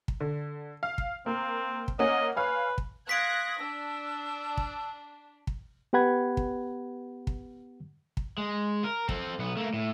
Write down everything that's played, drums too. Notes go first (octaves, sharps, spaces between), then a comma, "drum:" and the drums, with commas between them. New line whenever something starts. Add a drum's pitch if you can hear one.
drum: kick
D3
F5
drum: kick
A#3 C4
drum: kick
A#3 C#4 D#5 F#5
B4 C#5 F5 G#5
drum: kick
F5 C6 D#6 F#6 G#6 A#6 B6 D7
D4 E6
drum: kick
drum: kick
B3 G4 B4 F#5 B5 G#6
drum: kick
drum: kick
drum: kick
G#3
A#4
C4 A4, drum: kick
B1 B3
A3 A#3
A2